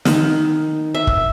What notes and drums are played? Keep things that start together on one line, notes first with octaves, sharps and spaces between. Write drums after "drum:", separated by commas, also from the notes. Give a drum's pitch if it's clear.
D#3, drum: snare
E5
drum: kick